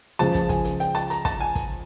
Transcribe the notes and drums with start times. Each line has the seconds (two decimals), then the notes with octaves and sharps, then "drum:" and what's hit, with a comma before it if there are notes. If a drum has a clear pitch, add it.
0.19 C#2 C#3 F3 G#3 A5, drum: hi-hat
0.34 drum: kick, hi-hat
0.49 G#5, drum: kick, hi-hat
0.65 drum: hi-hat
0.80 G5, drum: hi-hat
0.95 A5, drum: hi-hat
1.10 A#5, drum: hi-hat
1.25 A5, drum: kick, hi-hat
1.41 G#5
1.55 drum: kick, hi-hat